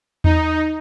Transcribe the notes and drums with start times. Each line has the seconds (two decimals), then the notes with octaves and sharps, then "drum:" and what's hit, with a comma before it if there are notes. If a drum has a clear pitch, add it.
0.24 D#4, drum: tom E2